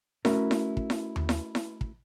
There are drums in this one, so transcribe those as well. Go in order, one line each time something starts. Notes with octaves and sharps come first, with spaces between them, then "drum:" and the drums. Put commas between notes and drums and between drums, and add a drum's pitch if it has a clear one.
A3 C#4 E4 F#4 A#4, drum: snare E4
drum: snare E4
drum: kick
drum: snare E4
drum: tom D#2
drum: snare E4
drum: snare E4
drum: kick